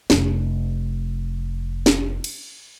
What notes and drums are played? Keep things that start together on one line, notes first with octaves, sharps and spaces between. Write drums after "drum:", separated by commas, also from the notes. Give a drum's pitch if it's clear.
F1 D4, drum: snare
drum: snare
drum: cymbal